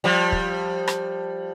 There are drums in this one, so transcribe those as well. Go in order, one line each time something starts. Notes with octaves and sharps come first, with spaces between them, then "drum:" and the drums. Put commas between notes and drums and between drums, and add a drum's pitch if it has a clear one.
F3 G3
drum: kick
drum: rim click